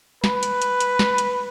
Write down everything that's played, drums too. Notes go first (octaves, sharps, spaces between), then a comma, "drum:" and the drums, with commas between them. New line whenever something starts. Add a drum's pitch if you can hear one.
B4, drum: snare
drum: hi-hat
drum: hi-hat
drum: hi-hat
drum: snare
drum: hi-hat